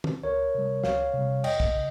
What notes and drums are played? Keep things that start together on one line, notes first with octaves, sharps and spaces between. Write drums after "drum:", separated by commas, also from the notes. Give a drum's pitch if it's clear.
drum: tom
C#2 A#4 C#5
C3 G3
C#2 C#5 F5, drum: snare
C3 G3
F2 D#5 G5, drum: cymbal
drum: kick
C#3